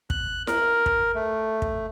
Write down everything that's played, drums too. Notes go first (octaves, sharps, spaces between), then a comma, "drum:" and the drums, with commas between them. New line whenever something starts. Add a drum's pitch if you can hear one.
F#6, drum: kick
A#4, drum: snare E4
drum: kick
A3
drum: kick